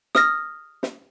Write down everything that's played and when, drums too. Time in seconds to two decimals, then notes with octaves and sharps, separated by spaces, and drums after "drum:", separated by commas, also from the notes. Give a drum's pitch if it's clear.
0.15 D#6 F6 A#6, drum: snare
0.83 drum: snare